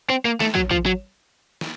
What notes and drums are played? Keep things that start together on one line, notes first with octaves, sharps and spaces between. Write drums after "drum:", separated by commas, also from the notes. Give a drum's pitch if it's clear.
C4
A#3
A3, drum: snare
F#3, drum: kick
F3, drum: kick
F#3
drum: snare